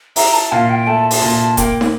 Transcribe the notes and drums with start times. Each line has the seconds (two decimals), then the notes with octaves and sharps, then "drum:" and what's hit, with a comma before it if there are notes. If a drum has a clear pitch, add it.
0.16 E4 A#5, drum: open hi-hat
0.34 A5
0.52 A#2 F5
0.70 G5
0.87 A3 A5
1.11 A5, drum: open hi-hat
1.22 A#2
1.33 A5
1.57 A#3 G5, drum: kick D#1, hi-hat
1.81 drum: snare